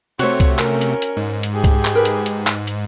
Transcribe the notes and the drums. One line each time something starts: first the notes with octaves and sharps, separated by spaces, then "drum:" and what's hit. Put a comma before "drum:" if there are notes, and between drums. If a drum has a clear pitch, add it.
C3 A3 F#4 C5 C#5, drum: hi-hat
drum: kick C2, hi-hat
C#4 A#4, drum: clap
drum: hi-hat
drum: hi-hat
G#2
drum: hi-hat
G4 G#4
drum: kick C2, hi-hat
drum: clap
A#4 B4
drum: hi-hat
drum: hi-hat
drum: clap
drum: hi-hat